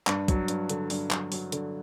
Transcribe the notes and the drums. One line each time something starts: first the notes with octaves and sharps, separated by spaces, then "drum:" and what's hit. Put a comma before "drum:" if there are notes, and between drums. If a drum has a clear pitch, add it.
G2, drum: clap
F#3, drum: kick, hi-hat
G2, drum: hi-hat
D3, drum: hi-hat
G2, drum: open hi-hat
F#3, drum: clap
F#3, drum: open hi-hat
D3, drum: hi-hat